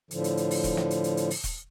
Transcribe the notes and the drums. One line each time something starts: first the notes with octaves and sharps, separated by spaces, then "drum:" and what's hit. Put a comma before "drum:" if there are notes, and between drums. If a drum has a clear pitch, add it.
A2 D3 F3, drum: hi-hat
drum: hi-hat
drum: hi-hat
drum: open hi-hat
drum: kick E1, hi-hat
drum: snare
drum: hi-hat
drum: hi-hat
drum: hi-hat
drum: open hi-hat
drum: kick E1, hi-hat